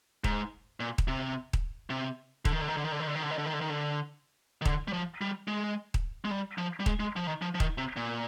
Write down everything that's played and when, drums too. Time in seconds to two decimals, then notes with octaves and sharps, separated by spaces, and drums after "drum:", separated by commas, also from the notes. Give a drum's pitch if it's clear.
0.24 G#2, drum: kick D#1
0.80 A#2
0.98 drum: kick D#1
1.08 C3
1.53 drum: kick D#1
1.90 C3
2.45 D3, drum: kick D#1
2.52 D#3
2.61 D3
2.68 D#3
2.77 D3
2.84 D#3
2.92 D3
3.00 D#3
3.07 D3
3.15 D#3
3.23 D3
3.30 D#3
3.38 D3
3.46 D#3
3.53 D3
3.61 D#3
3.70 D3
4.62 D#3
4.65 D3, drum: kick D#1
4.88 G3
4.93 F3
5.21 G3
5.48 G#3
5.94 drum: kick D#1
6.25 G#3
6.31 G3
6.58 F3
6.80 G3
6.86 G#3, drum: kick D#1
7.00 G#3
7.16 F3
7.27 D#3
7.42 F3
7.55 F3
7.60 D#3, drum: kick D#1
7.78 C3
7.97 A#2